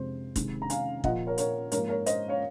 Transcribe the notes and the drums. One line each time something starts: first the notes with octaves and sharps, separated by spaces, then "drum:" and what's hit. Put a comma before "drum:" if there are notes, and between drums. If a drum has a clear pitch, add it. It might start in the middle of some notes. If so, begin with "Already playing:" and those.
Already playing: F2 C3 F3 G#3 C5
C3 D#3 G#3, drum: kick, hi-hat
A#5
F5 G#5, drum: hi-hat
A#2 F3 A#3 D#5 F#5, drum: kick
A#4 C#5
A#4 C#5, drum: hi-hat
G#2 F3 A#3 A#4 C#5, drum: hi-hat
A#4 C#5
C5 D#5, drum: hi-hat
C#5 F5